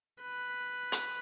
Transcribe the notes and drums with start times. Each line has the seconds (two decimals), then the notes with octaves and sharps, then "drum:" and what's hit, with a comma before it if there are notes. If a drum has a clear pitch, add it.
0.22 B4
0.92 drum: hi-hat